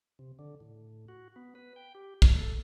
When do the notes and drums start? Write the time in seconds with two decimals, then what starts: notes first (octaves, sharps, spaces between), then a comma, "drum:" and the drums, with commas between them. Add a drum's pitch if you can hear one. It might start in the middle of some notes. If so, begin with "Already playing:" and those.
0.19 C3
0.39 D3
0.60 A2
1.08 F#4
1.36 B3
1.55 B4
1.76 G5
1.95 G4
2.22 A3, drum: kick
2.37 A4